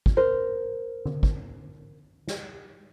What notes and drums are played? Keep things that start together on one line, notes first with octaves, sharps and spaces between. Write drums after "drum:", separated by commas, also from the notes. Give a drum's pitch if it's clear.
drum: kick
A#4 C5
drum: tom D3
drum: kick
drum: snare